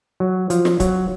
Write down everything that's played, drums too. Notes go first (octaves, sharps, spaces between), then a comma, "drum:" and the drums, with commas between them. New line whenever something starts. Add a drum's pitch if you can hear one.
F#3
F3, drum: hi-hat
drum: snare
F#3, drum: kick, hi-hat